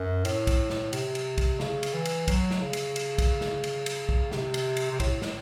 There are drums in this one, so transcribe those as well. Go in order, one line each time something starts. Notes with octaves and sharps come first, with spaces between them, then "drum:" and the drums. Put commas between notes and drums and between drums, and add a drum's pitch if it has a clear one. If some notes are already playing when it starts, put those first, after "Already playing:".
Already playing: F#2
A2, drum: cymbal
drum: kick, cymbal
drum: snare
C3, drum: cymbal
drum: cymbal
drum: kick, cymbal
C#3, drum: snare
drum: cymbal
E3
drum: cymbal
F#3, drum: kick, cymbal
drum: snare
C#3
drum: cymbal
drum: cymbal
drum: kick, cymbal
drum: snare
drum: cymbal
drum: cymbal
drum: kick
C3, drum: snare
drum: cymbal
drum: cymbal
C3
A2, drum: kick, cymbal
drum: snare